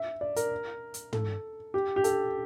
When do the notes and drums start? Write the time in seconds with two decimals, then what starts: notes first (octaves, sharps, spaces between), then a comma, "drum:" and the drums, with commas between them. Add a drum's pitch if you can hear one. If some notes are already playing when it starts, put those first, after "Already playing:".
Already playing: E5
0.21 D5
0.36 A#4, drum: hi-hat
0.94 drum: hi-hat
1.13 A4, drum: tom
1.74 G4
1.96 G4
2.04 A4, drum: hi-hat